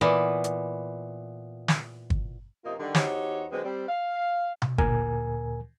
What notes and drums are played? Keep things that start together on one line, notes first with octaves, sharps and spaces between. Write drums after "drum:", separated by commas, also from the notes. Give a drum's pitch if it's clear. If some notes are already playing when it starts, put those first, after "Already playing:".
A#2 E3 B3
drum: hi-hat
drum: snare
drum: kick
F#2 C3 A#3 D#4 F4
D3 D#3 G3
E2 D#4 F#4 G4 C5 C#5, drum: snare
D3 F#3 G#3 B3 C4
G3 C4
F5
drum: tom B2
D2 A#2 A#4 G#5, drum: kick